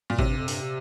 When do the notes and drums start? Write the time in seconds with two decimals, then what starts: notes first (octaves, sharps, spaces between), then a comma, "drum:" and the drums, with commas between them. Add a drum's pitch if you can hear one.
0.10 A#2
0.19 A2 C3, drum: kick G#1
0.29 G2
0.38 F2
0.48 G2, drum: open hi-hat
0.62 C3